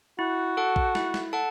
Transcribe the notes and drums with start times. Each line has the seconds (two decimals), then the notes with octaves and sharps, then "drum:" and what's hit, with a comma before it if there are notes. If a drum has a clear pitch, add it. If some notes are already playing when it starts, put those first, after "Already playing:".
0.19 E4 F#4
0.57 A4 F#5 A5
0.76 drum: kick A#1
0.95 E4, drum: snare
1.14 drum: snare
1.33 A4 F#5 A5